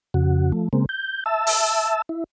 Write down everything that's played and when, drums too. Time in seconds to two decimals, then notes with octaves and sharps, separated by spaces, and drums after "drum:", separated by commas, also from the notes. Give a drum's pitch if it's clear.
0.14 F2 C#3 F#4
0.52 F3 A3
0.73 C#3 G#3 A#3 C4
0.89 G6
1.26 E5 A5 E6
1.47 drum: open hi-hat
2.09 E4